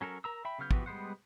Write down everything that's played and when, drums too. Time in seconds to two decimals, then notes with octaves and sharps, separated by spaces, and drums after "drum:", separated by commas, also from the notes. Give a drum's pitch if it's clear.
0.01 F#3 C#4 A4 A#4
0.24 A#4 A#5 E6
0.45 E5 G5 B5
0.59 C#3 F#3 B3 F6 G6
0.71 E3 F3 B3 F#4 G4, drum: kick
0.86 G3 G#3 B3 C5 F#5